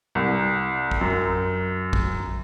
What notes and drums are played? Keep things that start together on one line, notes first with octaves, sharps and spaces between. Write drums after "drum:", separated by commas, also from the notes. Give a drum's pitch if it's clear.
C2
drum: kick
F#2
drum: kick